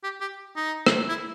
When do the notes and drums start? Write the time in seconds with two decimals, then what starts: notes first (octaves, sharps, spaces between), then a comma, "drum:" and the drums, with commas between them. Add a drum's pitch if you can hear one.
0.04 G4
0.21 G4
0.56 D#4
0.86 drum: rim click
1.09 E4